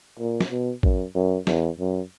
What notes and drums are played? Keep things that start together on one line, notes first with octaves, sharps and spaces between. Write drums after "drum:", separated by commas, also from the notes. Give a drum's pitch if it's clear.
A#2
drum: snare
B2
F#2, drum: kick A1
F#2
E2, drum: snare
F#2